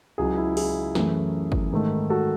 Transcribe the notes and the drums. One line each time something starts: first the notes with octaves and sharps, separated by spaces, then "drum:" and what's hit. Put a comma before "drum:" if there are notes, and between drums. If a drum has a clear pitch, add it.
C#2 C#3 F#3 E4 G#4
E4
E4 G#4, drum: open hi-hat
F#2 E3 A3 C#4, drum: snare
drum: kick G1
G#2 D#3 A3
F#4 A4